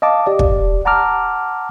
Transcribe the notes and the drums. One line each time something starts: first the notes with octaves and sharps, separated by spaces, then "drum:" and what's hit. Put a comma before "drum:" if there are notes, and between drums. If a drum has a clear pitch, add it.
D#5 F5 A5 D6
G4 D5
drum: kick
F#5 A5 A#5 D6 F6